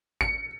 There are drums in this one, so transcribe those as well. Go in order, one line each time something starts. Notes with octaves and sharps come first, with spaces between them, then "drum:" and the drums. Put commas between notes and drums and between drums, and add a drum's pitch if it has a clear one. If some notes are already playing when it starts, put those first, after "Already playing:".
C#7, drum: kick G#1